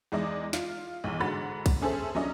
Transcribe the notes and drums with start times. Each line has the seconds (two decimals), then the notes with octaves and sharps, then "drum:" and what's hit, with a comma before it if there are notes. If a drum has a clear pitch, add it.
0.12 E2 G#3 D#4 D5 D#5
0.53 F4, drum: snare
1.04 B1 E2
1.20 G#2 D3 F#4 F#5 B5 A6
1.66 drum: kick, cymbal
1.82 C#4 G#4 A4 C5 E5
2.15 F#3 C#4 D4 D#5